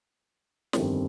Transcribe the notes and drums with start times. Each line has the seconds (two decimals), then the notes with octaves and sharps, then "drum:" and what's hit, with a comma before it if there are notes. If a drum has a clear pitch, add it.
0.73 G1 F2 D#3 G3 C4, drum: snare